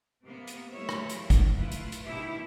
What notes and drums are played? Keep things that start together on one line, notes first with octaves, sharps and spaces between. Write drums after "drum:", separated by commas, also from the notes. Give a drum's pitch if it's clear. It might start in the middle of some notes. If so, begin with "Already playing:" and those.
C3 A#3 B3
drum: hi-hat
G3 A3 A#3 E4 C#5 E5
drum: rim click
E3 A#3, drum: hi-hat
drum: kick, hi-hat
A3 E4 F4 B4
drum: hi-hat
drum: hi-hat
G2 B2 D#3 E4 G4 E5